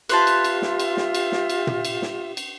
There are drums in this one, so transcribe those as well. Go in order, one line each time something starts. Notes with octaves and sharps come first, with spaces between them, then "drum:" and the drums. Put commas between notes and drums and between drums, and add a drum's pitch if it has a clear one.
F4 G4 B4 C5 E5 A5, drum: cymbal
drum: cymbal
drum: cymbal
drum: snare
drum: cymbal
drum: snare
drum: cymbal
drum: snare
drum: cymbal
drum: tom
drum: cymbal
drum: snare
drum: cymbal